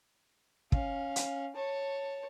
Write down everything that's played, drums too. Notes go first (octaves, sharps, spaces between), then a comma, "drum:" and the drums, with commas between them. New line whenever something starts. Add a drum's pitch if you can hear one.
C#4 F5, drum: kick
drum: hi-hat
C#5 A5